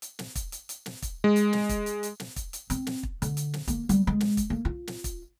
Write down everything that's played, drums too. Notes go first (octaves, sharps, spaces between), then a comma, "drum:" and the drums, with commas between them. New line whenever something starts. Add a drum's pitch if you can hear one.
drum: hi-hat
drum: snare
drum: kick, hi-hat
drum: hi-hat
drum: hi-hat
drum: snare
drum: kick, hi-hat
G#3
drum: hi-hat
drum: snare
drum: kick, hi-hat
drum: hi-hat
drum: hi-hat
drum: snare
drum: kick, hi-hat
drum: hi-hat
C4, drum: hi-hat
drum: snare
drum: kick
D3, drum: hi-hat
drum: hi-hat
drum: snare
A#3, drum: kick, hi-hat
G3, drum: hi-hat
G#3
drum: snare
drum: kick, hi-hat
A#3
F4
drum: snare
drum: kick, hi-hat